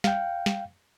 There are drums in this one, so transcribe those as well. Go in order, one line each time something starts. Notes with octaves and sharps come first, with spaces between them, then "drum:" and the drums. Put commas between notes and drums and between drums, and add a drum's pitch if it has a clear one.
F5 G5, drum: snare
drum: snare